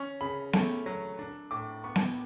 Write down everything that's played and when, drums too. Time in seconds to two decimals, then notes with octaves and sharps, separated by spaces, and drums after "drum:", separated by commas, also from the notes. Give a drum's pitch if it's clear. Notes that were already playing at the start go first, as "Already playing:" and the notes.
Already playing: C#4 C#6
0.21 C#3 B5
0.53 A3, drum: snare B3
0.86 F#3
1.19 D4
1.51 A2 D6
1.84 B3 C#6
1.96 drum: snare B3